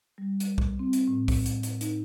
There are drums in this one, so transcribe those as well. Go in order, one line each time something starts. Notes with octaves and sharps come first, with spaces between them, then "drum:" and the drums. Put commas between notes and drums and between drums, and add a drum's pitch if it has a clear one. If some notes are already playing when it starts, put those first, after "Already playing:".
G3
drum: hi-hat
drum: kick
C4
drum: hi-hat
A2
drum: kick, open hi-hat
drum: hi-hat
drum: hi-hat
D#4, drum: hi-hat